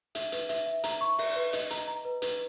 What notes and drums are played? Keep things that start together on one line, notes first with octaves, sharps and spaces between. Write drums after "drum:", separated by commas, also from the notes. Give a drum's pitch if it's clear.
E5, drum: hi-hat
B4, drum: hi-hat
E5, drum: hi-hat
E5
A#5, drum: hi-hat
C#6
E5, drum: open hi-hat
B4
D#5, drum: hi-hat
A#5, drum: hi-hat
A#5
B4
B4, drum: hi-hat